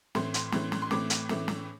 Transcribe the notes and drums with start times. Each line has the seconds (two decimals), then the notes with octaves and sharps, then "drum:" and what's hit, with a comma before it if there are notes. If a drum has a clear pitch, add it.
0.15 A2 E3 A3 C4 C6, drum: snare
0.34 drum: hi-hat
0.52 A2 E3 A3 C4, drum: snare
0.72 drum: snare
0.82 C6
0.91 A2 E3 A3 C4 D6, drum: snare
1.10 drum: hi-hat
1.29 A2 E3 A3 C4, drum: snare
1.48 drum: snare